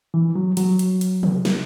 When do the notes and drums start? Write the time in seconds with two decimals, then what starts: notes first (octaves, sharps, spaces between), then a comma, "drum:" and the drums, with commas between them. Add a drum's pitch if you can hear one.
0.14 E3
0.35 F#3
0.57 F#3, drum: hi-hat
0.79 drum: hi-hat
1.01 drum: hi-hat
1.23 drum: tom
1.45 drum: snare